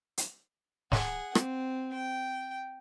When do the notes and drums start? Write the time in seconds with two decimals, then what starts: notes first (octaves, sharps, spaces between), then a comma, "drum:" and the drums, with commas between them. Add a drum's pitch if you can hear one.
0.18 drum: hi-hat
0.92 G#4 F#5, drum: snare
1.35 C4, drum: rim click
1.92 G5